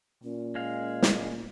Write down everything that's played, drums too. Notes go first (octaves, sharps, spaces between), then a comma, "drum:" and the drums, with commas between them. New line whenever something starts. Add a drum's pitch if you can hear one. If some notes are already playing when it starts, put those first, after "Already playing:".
A#2 C#4
G#3 F5
drum: snare